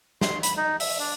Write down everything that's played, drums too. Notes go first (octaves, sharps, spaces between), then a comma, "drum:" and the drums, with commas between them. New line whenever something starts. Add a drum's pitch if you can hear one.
C6, drum: snare
B5, drum: hi-hat
D#4
E5, drum: open hi-hat
D4